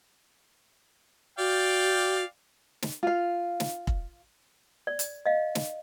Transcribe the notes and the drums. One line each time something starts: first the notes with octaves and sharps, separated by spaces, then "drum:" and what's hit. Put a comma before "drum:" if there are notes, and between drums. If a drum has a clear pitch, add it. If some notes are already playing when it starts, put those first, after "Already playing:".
F#4 D5 F5 G5
drum: snare
F4 F5
drum: snare
drum: kick
D5
drum: hi-hat
D#5 F5
drum: snare